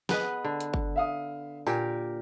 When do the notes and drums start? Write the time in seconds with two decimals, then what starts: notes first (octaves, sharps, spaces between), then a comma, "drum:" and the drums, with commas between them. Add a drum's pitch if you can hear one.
0.09 B3 G#4 B4 D#5 F#5, drum: snare
0.45 D3
0.60 drum: hi-hat
0.74 drum: kick G1
0.96 E5 F5 D#6
1.67 A#2 G4 A#4 G#5, drum: tambourine